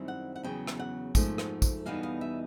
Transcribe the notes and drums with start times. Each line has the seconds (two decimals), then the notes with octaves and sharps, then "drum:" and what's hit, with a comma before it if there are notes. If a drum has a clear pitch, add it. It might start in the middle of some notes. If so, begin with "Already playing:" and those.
Already playing: F#2 D#3 G3 C4 E4
0.08 F#5
0.36 F#5
0.43 E2 C#3 F#3 G5
0.67 drum: rim click
0.79 F#5
1.15 G#2 F3 A3, drum: kick, tambourine
1.38 drum: rim click
1.62 drum: kick, tambourine
1.86 E2 B2 G3 B3 D#4 F5
2.03 F5
2.21 E5